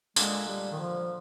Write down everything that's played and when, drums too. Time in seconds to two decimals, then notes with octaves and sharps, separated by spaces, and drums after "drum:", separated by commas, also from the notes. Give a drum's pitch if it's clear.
0.16 A#2 D3 G#3, drum: tambourine
0.48 G3
0.72 D#3
0.79 F3